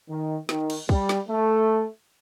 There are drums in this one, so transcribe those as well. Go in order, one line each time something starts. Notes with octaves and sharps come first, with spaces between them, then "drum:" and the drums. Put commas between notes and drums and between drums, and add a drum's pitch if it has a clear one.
D#3
D#3, drum: snare
drum: cymbal
G3, drum: kick
drum: snare
A3